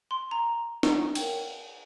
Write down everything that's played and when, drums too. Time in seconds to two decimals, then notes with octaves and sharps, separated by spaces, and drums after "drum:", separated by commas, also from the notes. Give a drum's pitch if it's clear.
0.11 C6
0.31 A#5
0.83 drum: snare
1.15 A#4 C#5 G5, drum: cymbal